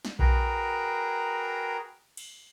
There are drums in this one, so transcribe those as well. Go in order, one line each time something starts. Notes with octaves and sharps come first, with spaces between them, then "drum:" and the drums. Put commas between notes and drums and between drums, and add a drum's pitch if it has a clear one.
drum: snare
F#4 G#4 A#4 B4 G5 A#5, drum: kick B1
drum: cymbal